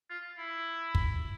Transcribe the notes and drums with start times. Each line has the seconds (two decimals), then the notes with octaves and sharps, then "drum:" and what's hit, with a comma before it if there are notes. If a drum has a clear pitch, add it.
0.10 F4
0.38 E4
0.95 drum: kick